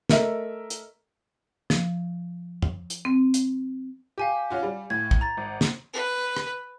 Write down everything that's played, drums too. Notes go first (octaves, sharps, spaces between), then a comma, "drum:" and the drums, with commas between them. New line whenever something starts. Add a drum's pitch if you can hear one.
A3 A#4 D#5 E5, drum: snare
drum: hi-hat
F3, drum: snare
drum: tom
drum: hi-hat
C4
drum: hi-hat
G4 F5 G#5 D6
C#4 F4 F#4
G3
A2 G#6
drum: kick
A#5 A6
G#1
drum: snare
B4
drum: rim click